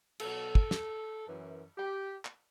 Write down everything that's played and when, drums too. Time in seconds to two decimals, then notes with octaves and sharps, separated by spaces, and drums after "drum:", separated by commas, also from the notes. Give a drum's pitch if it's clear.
0.20 B2 F#3 A4, drum: cymbal
0.55 drum: kick
0.71 drum: snare
1.26 F#2 E3
1.78 G4
2.25 drum: clap